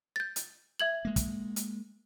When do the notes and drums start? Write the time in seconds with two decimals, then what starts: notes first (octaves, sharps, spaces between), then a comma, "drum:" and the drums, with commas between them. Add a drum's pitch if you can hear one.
0.16 G6 A6
0.36 drum: hi-hat
0.80 E5 G#6 F#7
1.05 G#3 A#3
1.16 drum: kick, hi-hat
1.56 drum: hi-hat